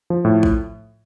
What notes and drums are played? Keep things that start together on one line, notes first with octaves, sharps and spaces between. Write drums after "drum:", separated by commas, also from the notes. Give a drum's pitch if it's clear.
F3
A2
drum: kick A1